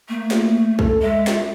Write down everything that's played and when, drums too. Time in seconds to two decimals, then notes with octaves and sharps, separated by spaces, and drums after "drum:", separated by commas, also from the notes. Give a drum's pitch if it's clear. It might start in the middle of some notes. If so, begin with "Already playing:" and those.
0.09 A3 A#3
0.31 drum: snare
0.79 A4, drum: kick B1
1.02 G#3 E5
1.27 drum: snare